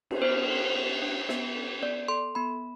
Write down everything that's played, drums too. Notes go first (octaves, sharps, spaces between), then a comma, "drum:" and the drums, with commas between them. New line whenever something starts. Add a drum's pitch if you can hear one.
drum: cymbal
B3 C5
A4
B3
D4
B3, drum: snare
A4
B3 D5
A4 C6
B3 B5